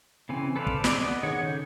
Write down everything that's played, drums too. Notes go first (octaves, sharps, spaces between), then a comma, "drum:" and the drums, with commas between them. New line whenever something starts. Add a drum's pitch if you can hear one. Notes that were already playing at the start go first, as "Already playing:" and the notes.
C#3 E3 C4 G#5
A4 B4 C5 D5 F5
drum: kick
C4 G#4 D5, drum: snare
B3 D#5
D#3 G#4 C#5 F#5
C#3 A4 G6